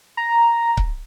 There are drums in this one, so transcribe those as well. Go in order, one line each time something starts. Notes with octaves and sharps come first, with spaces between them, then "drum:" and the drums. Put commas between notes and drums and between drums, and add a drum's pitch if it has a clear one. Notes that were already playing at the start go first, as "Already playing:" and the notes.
A#5
drum: kick C#1